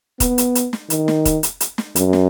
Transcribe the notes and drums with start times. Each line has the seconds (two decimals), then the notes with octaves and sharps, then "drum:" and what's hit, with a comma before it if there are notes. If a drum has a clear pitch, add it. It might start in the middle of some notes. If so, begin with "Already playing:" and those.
0.20 B3, drum: kick, hi-hat
0.38 drum: hi-hat
0.55 drum: hi-hat
0.73 drum: snare
0.90 D#3, drum: hi-hat
1.08 drum: snare
1.25 drum: kick, hi-hat
1.43 drum: hi-hat
1.60 drum: hi-hat
1.78 drum: snare
1.96 F#2, drum: hi-hat
2.13 drum: snare